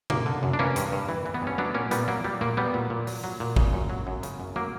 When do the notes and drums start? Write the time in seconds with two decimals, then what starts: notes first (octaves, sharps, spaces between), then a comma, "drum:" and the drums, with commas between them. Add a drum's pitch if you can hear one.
0.10 F#2 A#3, drum: tom C3
0.26 D3
0.43 F#2
0.53 D4
0.59 E3 A#3 C#4
0.76 G2, drum: hi-hat
0.92 G2
1.09 E3
1.26 E3
1.34 B3
1.42 G2 C#4
1.58 F#3 B3 D4
1.74 A#2 A#3 C#4
1.91 A#2 G3 B3, drum: hi-hat
2.08 F#3 A#3
2.24 F#3 G3
2.41 A#2 A#3
2.57 F#3 G3 B3
2.74 A#2
2.90 A#2
3.07 F#3, drum: open hi-hat
3.24 F#3
3.40 A#2
3.56 C#3, drum: kick A1
3.73 F#2
3.90 F#3
4.07 F#2
4.23 C#3, drum: hi-hat
4.40 F#2
4.56 F#3 A#3